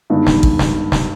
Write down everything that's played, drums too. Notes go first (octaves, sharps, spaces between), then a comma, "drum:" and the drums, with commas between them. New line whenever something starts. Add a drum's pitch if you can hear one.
G2 D#3 G#3 B3 D#4
drum: snare
drum: kick A1
drum: snare
drum: snare